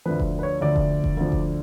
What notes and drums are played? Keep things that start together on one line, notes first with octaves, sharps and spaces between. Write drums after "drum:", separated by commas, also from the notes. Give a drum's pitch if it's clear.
D2 D3 F3 B4
drum: kick F1
B4
C#5
D2 D3 F3 D5
drum: kick F1
drum: kick F1
D2 D3 F3
drum: kick F1